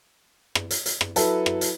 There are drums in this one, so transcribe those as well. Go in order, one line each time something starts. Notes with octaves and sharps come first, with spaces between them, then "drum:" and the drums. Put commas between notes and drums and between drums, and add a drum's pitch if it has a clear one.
drum: rim click
drum: hi-hat
drum: hi-hat
drum: rim click
F#3 E4 A4 B4, drum: hi-hat
drum: rim click
drum: hi-hat